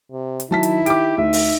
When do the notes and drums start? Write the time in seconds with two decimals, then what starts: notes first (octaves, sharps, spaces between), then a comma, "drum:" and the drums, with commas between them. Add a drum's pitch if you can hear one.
0.12 C3
0.40 drum: hi-hat
0.51 D#3 F#3 E4 A5 B6
0.63 drum: hi-hat
0.86 G4 D6 D7, drum: hi-hat
1.18 D2 D#4 E5
1.33 drum: open hi-hat